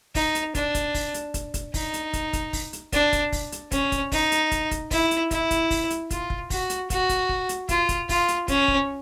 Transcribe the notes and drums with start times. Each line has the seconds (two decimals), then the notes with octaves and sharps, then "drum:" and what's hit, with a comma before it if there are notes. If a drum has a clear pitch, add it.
0.15 D#4, drum: kick, open hi-hat
0.35 drum: hi-hat
0.55 D4, drum: kick, hi-hat
0.75 drum: kick, hi-hat
0.94 drum: kick, open hi-hat
1.14 drum: hi-hat
1.34 drum: kick, hi-hat
1.54 drum: kick, hi-hat
1.74 D#4, drum: kick, open hi-hat
1.94 drum: hi-hat
2.13 drum: kick, hi-hat
2.33 drum: kick, hi-hat
2.53 drum: kick, open hi-hat
2.73 drum: hi-hat
2.92 D4, drum: kick, hi-hat
3.13 drum: kick, hi-hat
3.32 drum: kick, open hi-hat
3.52 drum: hi-hat
3.71 C#4, drum: kick, hi-hat
3.92 drum: kick, hi-hat
4.12 D#4, drum: kick, open hi-hat
4.32 drum: hi-hat
4.51 drum: kick, hi-hat
4.71 drum: kick, hi-hat
4.91 E4, drum: kick, open hi-hat
5.11 drum: hi-hat
5.31 E4, drum: kick, hi-hat
5.51 drum: kick, hi-hat
5.70 drum: kick, open hi-hat
5.90 drum: hi-hat
6.10 F4, drum: kick, hi-hat
6.30 drum: kick
6.50 F#4, drum: kick, open hi-hat
6.70 drum: hi-hat
6.90 F#4, drum: kick, hi-hat
7.09 drum: kick, hi-hat
7.29 drum: kick
7.49 drum: hi-hat
7.69 F4, drum: kick, hi-hat
7.89 drum: kick, hi-hat
8.09 F4, drum: kick, open hi-hat
8.28 drum: hi-hat
8.48 C#4, drum: kick, hi-hat
8.68 drum: kick